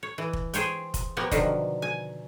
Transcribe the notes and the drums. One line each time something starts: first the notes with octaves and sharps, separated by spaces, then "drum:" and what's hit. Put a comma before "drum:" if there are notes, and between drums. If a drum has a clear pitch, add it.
C#5
E3
drum: kick
G#4 C5 C#5 G5, drum: hi-hat
drum: kick, hi-hat
F3 A#3 B3 G4 C#5
B2 D3 D#3 F3 F#3, drum: kick, hi-hat
G#5